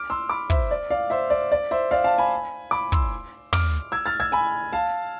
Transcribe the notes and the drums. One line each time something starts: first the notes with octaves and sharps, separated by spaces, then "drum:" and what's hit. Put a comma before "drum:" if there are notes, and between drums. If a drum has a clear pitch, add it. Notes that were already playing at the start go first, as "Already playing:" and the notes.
Already playing: D6 F6
C6 E6
B5 D6
C5 E5, drum: kick
D5
D5 F5
C5 E5
D5
D5
C5 E5
D5 F5
F5 A5
G#5 B5
B5 D6
C6 E6, drum: kick
D6 F6, drum: tom
E6 G#6
F6 A6
E6 G#6
G#5 B5
F5 A5